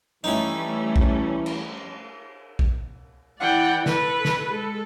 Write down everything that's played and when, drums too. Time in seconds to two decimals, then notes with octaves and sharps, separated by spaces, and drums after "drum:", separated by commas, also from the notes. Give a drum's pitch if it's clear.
0.24 E3 G3 A3 C#4 D#4 E4
0.96 drum: kick
1.46 drum: cymbal
2.59 drum: kick
3.40 E3 D5 F#5 G5
3.86 A4 B4, drum: snare
4.25 drum: snare
4.49 G#3 A4